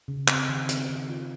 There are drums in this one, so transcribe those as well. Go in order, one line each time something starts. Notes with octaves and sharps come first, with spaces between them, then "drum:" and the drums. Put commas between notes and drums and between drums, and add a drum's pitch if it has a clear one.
C#3
C4, drum: clap
D#3
C4, drum: hi-hat
D#3
F4